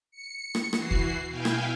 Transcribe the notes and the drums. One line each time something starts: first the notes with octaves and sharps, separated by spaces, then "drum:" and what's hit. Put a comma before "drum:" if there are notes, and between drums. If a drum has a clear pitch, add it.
C#7
drum: rim click
E3 F#4 C7, drum: rim click
drum: kick D#2
B2 E4 F5 G5 G#5
drum: rim click